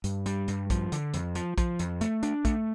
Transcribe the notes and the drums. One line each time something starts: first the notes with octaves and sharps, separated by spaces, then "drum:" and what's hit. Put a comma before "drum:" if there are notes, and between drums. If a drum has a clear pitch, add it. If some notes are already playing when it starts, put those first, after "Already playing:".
G2, drum: hi-hat
G3, drum: hi-hat
G2, drum: hi-hat
F3, drum: kick, hi-hat
D3, drum: hi-hat
F2, drum: hi-hat
F3, drum: hi-hat
F3, drum: kick, hi-hat
F2, drum: hi-hat
A3, drum: hi-hat
D4, drum: hi-hat
A3, drum: kick, hi-hat